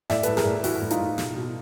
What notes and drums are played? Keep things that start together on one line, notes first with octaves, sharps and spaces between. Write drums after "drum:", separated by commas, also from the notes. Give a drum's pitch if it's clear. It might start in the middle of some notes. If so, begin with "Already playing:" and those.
A2 D5 E5, drum: snare
A2 A4 B4, drum: hi-hat
G#4 A#4, drum: snare
A2
E3 E4 F#4, drum: open hi-hat
A2
D#4 F4, drum: hi-hat
A2
B2, drum: snare
B2